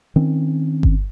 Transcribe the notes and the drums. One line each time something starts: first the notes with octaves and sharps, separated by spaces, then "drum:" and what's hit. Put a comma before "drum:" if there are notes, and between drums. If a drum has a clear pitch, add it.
D#3 C4 C#4
drum: kick G1